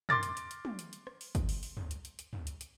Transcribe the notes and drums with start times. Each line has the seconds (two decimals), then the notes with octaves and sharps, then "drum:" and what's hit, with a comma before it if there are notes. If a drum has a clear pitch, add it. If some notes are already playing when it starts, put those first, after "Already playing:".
0.09 C6 D6 A6 A#6, drum: tom
0.23 drum: hi-hat
0.37 drum: hi-hat
0.51 drum: hi-hat
0.65 drum: tom
0.79 drum: hi-hat
0.93 drum: hi-hat
1.07 drum: rim click
1.21 drum: open hi-hat
1.35 drum: kick, hi-hat
1.49 drum: open hi-hat
1.63 drum: open hi-hat
1.77 drum: tom
1.91 drum: hi-hat
2.05 drum: hi-hat
2.19 drum: hi-hat
2.33 drum: tom
2.47 drum: hi-hat
2.61 drum: hi-hat